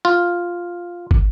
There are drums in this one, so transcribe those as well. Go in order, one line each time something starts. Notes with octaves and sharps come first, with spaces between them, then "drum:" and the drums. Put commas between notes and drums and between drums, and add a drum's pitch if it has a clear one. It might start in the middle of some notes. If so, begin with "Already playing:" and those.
F4
drum: kick